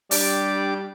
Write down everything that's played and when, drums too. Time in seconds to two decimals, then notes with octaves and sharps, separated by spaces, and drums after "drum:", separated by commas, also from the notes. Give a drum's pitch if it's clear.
0.11 G3 D4 G4 D5 D6, drum: open hi-hat